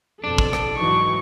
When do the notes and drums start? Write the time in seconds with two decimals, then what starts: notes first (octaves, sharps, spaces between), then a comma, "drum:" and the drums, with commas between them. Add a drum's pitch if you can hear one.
0.24 F2 B2 C4 D4 A4
0.38 drum: kick
0.53 drum: rim click
0.76 G#2 E3 F#3 D#4 C#6